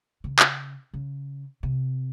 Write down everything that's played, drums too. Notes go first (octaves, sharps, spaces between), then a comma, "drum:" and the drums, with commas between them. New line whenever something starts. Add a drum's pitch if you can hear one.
C#3
drum: clap
C#3
C3